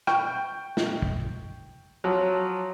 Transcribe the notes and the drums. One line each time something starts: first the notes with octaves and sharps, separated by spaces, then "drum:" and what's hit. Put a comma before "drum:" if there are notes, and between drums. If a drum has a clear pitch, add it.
G5 C#6, drum: rim click
drum: snare
drum: kick
F3 F#3